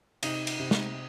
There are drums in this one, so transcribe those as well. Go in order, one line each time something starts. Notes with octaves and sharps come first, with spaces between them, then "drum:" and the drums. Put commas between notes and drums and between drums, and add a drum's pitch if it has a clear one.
C3 D#4, drum: cymbal
drum: cymbal
C3
drum: snare